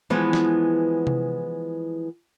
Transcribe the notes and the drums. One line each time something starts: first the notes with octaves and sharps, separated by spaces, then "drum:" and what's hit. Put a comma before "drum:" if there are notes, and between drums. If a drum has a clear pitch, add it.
E3 F3 G#3 B3
drum: snare
drum: tom C3